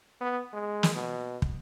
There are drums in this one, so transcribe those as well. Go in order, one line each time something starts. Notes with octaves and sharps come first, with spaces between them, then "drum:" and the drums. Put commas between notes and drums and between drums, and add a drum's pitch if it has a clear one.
B3
G#3
drum: snare
B2
drum: kick